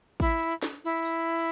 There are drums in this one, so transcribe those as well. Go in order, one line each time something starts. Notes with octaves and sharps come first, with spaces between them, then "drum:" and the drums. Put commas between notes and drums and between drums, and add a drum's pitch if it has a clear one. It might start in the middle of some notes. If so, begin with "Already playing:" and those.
E4, drum: kick G#1
drum: snare
E4
drum: tambourine